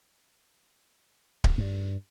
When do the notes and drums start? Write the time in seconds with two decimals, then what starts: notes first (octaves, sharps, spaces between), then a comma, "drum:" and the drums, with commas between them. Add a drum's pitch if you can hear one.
1.44 drum: kick D1
1.58 G2